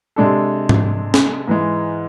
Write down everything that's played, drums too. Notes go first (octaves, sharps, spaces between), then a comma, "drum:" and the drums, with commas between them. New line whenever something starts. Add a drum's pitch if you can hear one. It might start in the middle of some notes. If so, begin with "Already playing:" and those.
C3 G#3 D4 A4
drum: tom G#2
drum: snare
G#2 E3 G#3